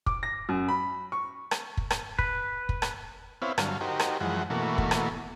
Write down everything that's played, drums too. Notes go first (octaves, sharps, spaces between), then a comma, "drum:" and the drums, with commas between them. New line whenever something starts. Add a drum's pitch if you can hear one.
D6, drum: kick
A#6
F#2
B5
C#6
drum: rim click
drum: kick
drum: rim click
B4, drum: kick
drum: kick
drum: rim click
B3 C4 E4 C#5 F5
G2 D3 F#3 F5, drum: rim click
D#4 F#4 G4 A#4 C5
drum: rim click
F#2 E3 F3 G#3 F#5
B2 E3 A3 A#3 F#4
drum: kick
drum: rim click